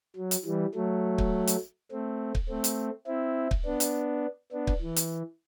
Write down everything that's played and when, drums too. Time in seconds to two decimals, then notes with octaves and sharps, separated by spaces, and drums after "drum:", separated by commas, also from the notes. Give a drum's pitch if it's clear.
0.16 F#3
0.31 drum: hi-hat
0.45 E3 G3
0.75 F#3 A3
1.18 drum: kick
1.47 drum: hi-hat
1.92 A3 C4
2.35 drum: kick
2.49 A3 C4
2.64 drum: hi-hat
3.07 C4 E4
3.51 drum: kick
3.66 B3 D4
3.80 drum: hi-hat
4.52 B3 D4
4.67 drum: kick
4.82 E3
4.96 drum: hi-hat